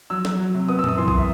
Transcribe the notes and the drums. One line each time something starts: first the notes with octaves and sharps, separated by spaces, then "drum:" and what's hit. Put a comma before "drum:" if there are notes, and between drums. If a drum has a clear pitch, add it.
F#3 E6
F#3, drum: snare
F#3
C3
B3 D#6
E6
F#2 D#6, drum: tom A#2
E3 C6
D#6, drum: kick B1
E5